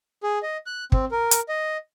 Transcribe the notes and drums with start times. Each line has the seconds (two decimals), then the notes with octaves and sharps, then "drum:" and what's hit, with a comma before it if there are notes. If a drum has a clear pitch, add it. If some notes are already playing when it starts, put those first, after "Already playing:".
0.23 G#4
0.43 D#5
0.66 F#6
0.92 C4, drum: kick
1.11 A#4
1.31 drum: hi-hat
1.49 D#5